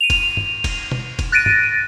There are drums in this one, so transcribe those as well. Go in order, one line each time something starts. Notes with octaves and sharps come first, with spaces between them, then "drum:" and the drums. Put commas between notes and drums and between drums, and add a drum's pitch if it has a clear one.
D#7 F7
drum: kick, cymbal
drum: tom
drum: kick, cymbal
drum: tom B2
drum: kick, cymbal
F#6 A6 A#6 D7 D#7
drum: tom